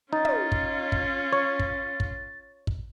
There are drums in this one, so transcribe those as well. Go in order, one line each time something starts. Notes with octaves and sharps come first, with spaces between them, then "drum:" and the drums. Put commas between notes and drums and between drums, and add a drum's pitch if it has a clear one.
C#4 D#4 F4 A6
drum: tom
drum: kick
drum: kick
C#5
drum: kick
drum: kick
drum: kick